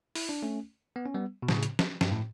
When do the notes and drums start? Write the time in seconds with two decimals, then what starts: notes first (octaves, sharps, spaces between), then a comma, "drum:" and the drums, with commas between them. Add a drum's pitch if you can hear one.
0.15 E4, drum: open hi-hat
0.29 D4
0.42 A3 C#4
0.96 B3
1.06 C#4
1.14 G3 B3
1.42 B2
1.48 A2 C#3, drum: snare
1.63 drum: hi-hat
1.79 drum: snare
2.01 G2, drum: snare
2.11 A2